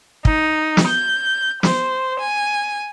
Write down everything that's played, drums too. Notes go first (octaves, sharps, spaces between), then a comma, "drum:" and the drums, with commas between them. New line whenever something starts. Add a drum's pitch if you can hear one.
D#4, drum: kick
drum: snare
G6
C5, drum: snare
G#5